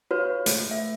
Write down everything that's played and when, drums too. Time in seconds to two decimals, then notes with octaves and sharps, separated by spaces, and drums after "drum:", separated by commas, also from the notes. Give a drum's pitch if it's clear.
0.11 F4 F#4 B4 C#5
0.46 A3, drum: hi-hat
0.71 E5